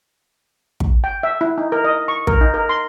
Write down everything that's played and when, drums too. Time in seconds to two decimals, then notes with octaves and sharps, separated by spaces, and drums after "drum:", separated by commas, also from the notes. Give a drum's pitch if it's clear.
0.80 drum: kick
1.04 G5
1.23 E5
1.41 E4
1.58 D#4
1.72 A#4
1.84 D#5
2.08 C#6
2.27 A#4, drum: kick
2.41 D#4
2.54 A#4
2.69 C6